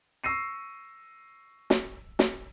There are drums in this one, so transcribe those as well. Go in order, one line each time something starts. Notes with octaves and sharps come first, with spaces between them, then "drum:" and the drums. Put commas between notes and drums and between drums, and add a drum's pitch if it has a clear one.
C#6 E6 A#6 C7 D#7
drum: snare
drum: snare